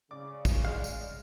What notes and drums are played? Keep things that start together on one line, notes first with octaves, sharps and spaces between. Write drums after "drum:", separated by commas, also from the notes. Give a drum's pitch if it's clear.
C#3 D5 D6
drum: kick, tambourine
G#3 F5 F6
drum: tambourine